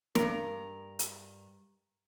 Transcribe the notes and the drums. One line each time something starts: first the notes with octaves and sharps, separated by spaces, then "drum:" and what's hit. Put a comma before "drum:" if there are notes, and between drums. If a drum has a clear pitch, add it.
G2 A#4, drum: snare
drum: hi-hat